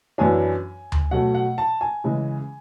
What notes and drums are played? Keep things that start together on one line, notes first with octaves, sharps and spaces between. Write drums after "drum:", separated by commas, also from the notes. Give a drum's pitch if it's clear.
F#2 E3 B3 D4 G#5
drum: tom D2
B2 F#3 A3 F#5
F#5
A5
G#5
C#3 E3 G#3